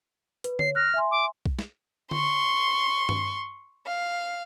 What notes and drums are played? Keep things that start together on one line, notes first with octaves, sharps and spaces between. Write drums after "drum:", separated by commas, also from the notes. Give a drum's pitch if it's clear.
B4, drum: hi-hat
C#5 C7, drum: tom D3
F6 F#6 A#6
E5 G#5 C6
D6
drum: kick B1
drum: snare
C6 C#6, drum: tom D3
drum: tom G2
F5